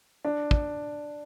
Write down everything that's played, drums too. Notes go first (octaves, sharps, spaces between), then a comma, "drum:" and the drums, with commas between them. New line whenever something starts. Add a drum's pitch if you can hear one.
D4
drum: kick